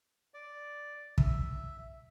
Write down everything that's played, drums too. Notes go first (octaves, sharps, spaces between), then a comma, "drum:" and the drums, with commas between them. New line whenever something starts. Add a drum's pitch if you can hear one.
D5
E5, drum: kick